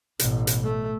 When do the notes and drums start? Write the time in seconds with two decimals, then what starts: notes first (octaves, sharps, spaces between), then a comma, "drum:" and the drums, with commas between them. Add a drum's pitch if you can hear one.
0.19 A1 B2, drum: hi-hat
0.47 drum: hi-hat
0.64 A3